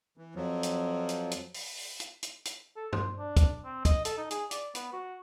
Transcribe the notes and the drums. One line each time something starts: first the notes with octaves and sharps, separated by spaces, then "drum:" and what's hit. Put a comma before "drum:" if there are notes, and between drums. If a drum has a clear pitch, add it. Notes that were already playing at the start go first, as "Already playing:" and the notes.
E3
F2 F3 F#3
drum: hi-hat
drum: hi-hat
drum: hi-hat
drum: open hi-hat
drum: open hi-hat
drum: hi-hat
drum: hi-hat
drum: hi-hat
A4
C5, drum: tom G2
D4
drum: kick, hi-hat
C4
D#5, drum: kick, hi-hat
A4, drum: hi-hat
D#4
G#4, drum: hi-hat
D5, drum: hi-hat
B3, drum: hi-hat
F#4